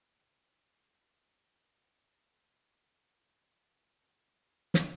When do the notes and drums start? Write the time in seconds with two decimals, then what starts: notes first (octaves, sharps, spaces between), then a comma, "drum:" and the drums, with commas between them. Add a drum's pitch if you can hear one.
0.14 D#3
0.44 E3
2.76 C2 F3 F#4
4.74 drum: snare